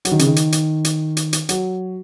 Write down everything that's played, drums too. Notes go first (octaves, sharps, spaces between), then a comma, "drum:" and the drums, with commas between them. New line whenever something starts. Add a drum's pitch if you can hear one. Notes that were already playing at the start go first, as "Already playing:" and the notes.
F#3, drum: hi-hat
D#3
C#3, drum: hi-hat
D#3
drum: hi-hat
drum: hi-hat
drum: hi-hat
drum: hi-hat
drum: hi-hat
F#3, drum: hi-hat